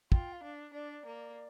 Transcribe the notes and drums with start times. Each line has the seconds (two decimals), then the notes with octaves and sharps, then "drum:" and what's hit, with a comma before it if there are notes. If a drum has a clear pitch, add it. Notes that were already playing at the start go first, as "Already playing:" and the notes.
0.12 F4 G5, drum: kick
0.33 F5
0.43 D4
0.73 D4 D5
1.05 A#3